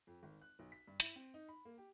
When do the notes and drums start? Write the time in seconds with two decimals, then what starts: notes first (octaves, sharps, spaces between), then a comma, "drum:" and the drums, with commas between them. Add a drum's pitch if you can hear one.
0.07 F2
0.23 G#1
0.41 F#6
0.59 B1
0.72 B6
0.87 G2
1.00 E4, drum: hi-hat
1.16 C4
1.34 D#4
1.49 B5
1.65 A#3
1.78 G4